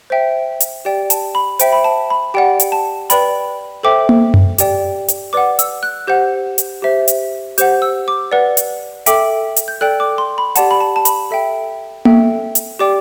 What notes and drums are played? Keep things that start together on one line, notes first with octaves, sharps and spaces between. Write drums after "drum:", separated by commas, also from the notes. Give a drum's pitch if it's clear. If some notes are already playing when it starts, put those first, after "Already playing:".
C5 E5 G5
drum: hi-hat
G4 D5 G5
A5, drum: hi-hat
B5
C5 E5 G5, drum: hi-hat
B5
A5
B5
G4 D5 F#5 G5
drum: hi-hat
A5
B4 D5 G5 B5, drum: hi-hat
A4 C5 E5 G5 D6
drum: tom A#3
drum: tom F#2
G4 D5 G5, drum: hi-hat
drum: hi-hat
B4 D5 F#5 D6
E6, drum: hi-hat
F#6
G4 C5 F#5 G6
drum: hi-hat
G4 C5 E5
drum: hi-hat
G4 C5 F#5 G6, drum: hi-hat
E6
D6
B4 D5 F#5
drum: hi-hat
A4 E5 G5 D6, drum: hi-hat
drum: hi-hat
G6
A4 D5 G5 F#6
D6
C6
B5
G4 D5 F#5 A5, drum: hi-hat
B5
A5
A5
B5, drum: hi-hat
A4 E5 G5
A4 E5 G5, drum: tom A#3
drum: hi-hat
G4 D5 G5 D6